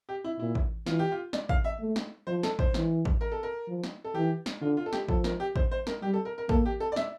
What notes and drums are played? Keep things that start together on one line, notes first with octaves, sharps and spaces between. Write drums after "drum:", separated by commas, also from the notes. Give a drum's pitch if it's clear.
G4
E4
A#2 E4
drum: kick A1
E3 F4, drum: snare
G4
F4
D5, drum: snare
F5, drum: kick A1
E5
A3
drum: snare
F3 C5
A4, drum: snare
C5, drum: kick A1
E3, drum: snare
drum: kick A1
A#4
A4
A#4
F3
drum: snare
A4
E3 G4
drum: snare
D3 F4
F4
A4
G4, drum: snare
F3 A4, drum: kick A1
A#4, drum: snare
G4
C5, drum: kick A1
C5
A#4, drum: snare
G3 G4
A4
A#4
A#4
A#3 A4, drum: kick A1
G4
A4
D5
E5, drum: snare